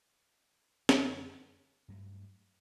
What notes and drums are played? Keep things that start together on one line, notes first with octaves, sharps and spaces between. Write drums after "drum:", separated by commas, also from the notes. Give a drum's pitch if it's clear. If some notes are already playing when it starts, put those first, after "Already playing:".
F#2 D3 F#3 A3, drum: snare
G2 F#3 A3